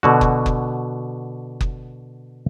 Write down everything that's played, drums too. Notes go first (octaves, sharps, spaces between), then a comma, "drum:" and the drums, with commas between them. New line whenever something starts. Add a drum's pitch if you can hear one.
B2 D3 F#4
drum: kick F#1
drum: kick F#1
drum: kick F#1